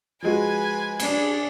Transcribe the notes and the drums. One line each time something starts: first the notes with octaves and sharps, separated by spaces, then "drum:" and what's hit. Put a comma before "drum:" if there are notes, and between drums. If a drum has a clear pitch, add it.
F3 G#3 F#4 B4 G#5
D4 G#4, drum: cymbal